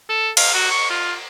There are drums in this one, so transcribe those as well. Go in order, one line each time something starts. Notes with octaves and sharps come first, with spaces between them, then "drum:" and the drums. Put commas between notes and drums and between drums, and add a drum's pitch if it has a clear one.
A4
F5, drum: cymbal
F#4
C#6
F4